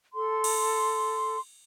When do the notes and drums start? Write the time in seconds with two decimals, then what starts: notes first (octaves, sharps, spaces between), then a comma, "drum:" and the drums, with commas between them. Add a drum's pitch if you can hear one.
0.13 A4 C6
0.44 drum: cymbal